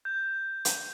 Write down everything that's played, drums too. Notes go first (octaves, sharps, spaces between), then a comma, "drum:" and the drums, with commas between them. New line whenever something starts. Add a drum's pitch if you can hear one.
G6
drum: hi-hat